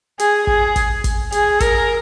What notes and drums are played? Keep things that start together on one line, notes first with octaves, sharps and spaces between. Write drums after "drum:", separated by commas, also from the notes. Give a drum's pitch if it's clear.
G#4, drum: hi-hat
G#4, drum: kick
drum: kick, hi-hat
drum: kick, hi-hat
G#4, drum: hi-hat
A#4, drum: kick, hi-hat